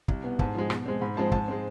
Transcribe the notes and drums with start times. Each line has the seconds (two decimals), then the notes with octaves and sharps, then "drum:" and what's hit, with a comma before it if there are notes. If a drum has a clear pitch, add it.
0.08 C2, drum: kick
0.24 B2 B3
0.39 G#2 A5, drum: kick
0.55 F3 G#3
0.70 B2, drum: rim click
0.86 G#3 C4
1.01 G#2 B5
1.17 F3 G#3 C4 A5
1.32 G#2 A5, drum: kick
1.48 G#3 C4